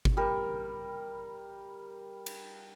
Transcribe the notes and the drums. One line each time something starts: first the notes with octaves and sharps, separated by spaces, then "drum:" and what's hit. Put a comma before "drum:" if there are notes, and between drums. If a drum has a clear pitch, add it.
drum: kick G1
G3 A#4
drum: cymbal